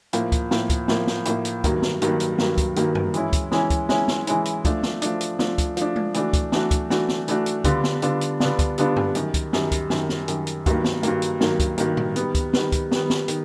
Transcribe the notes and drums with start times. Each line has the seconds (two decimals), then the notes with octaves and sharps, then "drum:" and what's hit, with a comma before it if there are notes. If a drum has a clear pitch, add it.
0.13 A2 F3 A#3, drum: hi-hat
0.32 drum: kick, hi-hat
0.51 A2 F3 A#3, drum: snare
0.70 drum: kick, hi-hat
0.88 A2 F3 A#3, drum: snare
1.07 drum: snare
1.25 A2 F3 A#3, drum: hi-hat
1.45 drum: hi-hat
1.64 G2 D#3 F#3 A#3, drum: kick, hi-hat
1.82 drum: snare
2.02 G2 D#3 F#3 A#3, drum: hi-hat
2.20 drum: hi-hat
2.38 G2 D#3 F#3 A#3, drum: snare
2.58 drum: kick, hi-hat
2.76 G2 D#3 F#3 A#3, drum: hi-hat
2.95 drum: tom F#2
3.14 E3 G#3 C#4 E4, drum: hi-hat
3.33 drum: kick, hi-hat
3.51 E3 G#3 C#4 E4, drum: snare
3.70 drum: kick, hi-hat
3.89 E3 G#3 C#4 E4, drum: snare
4.08 drum: snare
4.27 E3 G#3 C#4 E4, drum: hi-hat
4.45 drum: hi-hat
4.65 F3 A3 D4, drum: kick, hi-hat
4.83 drum: snare
5.02 F3 A3 D4, drum: hi-hat
5.21 drum: hi-hat
5.39 F3 A3 D4, drum: snare
5.58 drum: kick, hi-hat
5.77 F3 A3 D4, drum: hi-hat
5.96 drum: tom G#3
6.14 E3 A3 D4 F#4, drum: hi-hat
6.33 drum: kick, hi-hat
6.52 E3 A3 D4 F#4, drum: snare
6.71 drum: kick, hi-hat
6.90 E3 A3 D4 F#4, drum: snare
7.08 drum: snare
7.28 E3 A3 D4 F#4, drum: hi-hat
7.46 drum: hi-hat
7.64 D3 G3 B3 D4 F4, drum: kick, hi-hat
7.84 drum: snare
8.02 D3 G3 B3 D4 F4, drum: hi-hat
8.21 drum: hi-hat
8.40 D3 G3 B3 D4 F4, drum: snare
8.59 drum: kick, hi-hat
8.78 D3 G3 B3 D4 F4, drum: hi-hat
8.96 drum: tom F#2
9.15 F#2 D#3 G3, drum: hi-hat
9.34 drum: kick, hi-hat
9.53 F#2 D#3 G3, drum: snare
9.72 drum: kick, hi-hat
9.90 F#2 D#3 G3, drum: snare
10.09 drum: snare
10.28 F#2 D#3 G3, drum: hi-hat
10.47 drum: hi-hat
10.66 G2 D#3 F#3 A#3, drum: kick, hi-hat
10.84 drum: snare
11.03 G2 D#3 F#3 A#3, drum: hi-hat
11.22 drum: hi-hat
11.41 G2 D#3 F#3 A#3, drum: snare
11.59 drum: kick, hi-hat
11.78 G2 D#3 F#3 A#3, drum: hi-hat
11.97 drum: tom A2
12.16 D#3 G3 B3, drum: hi-hat
12.35 drum: kick, hi-hat
12.53 D#3 G3 B3, drum: snare
12.72 drum: kick, hi-hat
12.91 D#3 G3 B3, drum: snare
13.10 drum: snare
13.28 D#3, drum: hi-hat